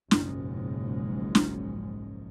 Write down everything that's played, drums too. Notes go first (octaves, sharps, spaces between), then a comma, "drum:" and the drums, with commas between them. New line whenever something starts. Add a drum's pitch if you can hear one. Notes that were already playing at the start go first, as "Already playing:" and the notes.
F#1 B1 G#2 F3 G#3 C#4, drum: snare
drum: snare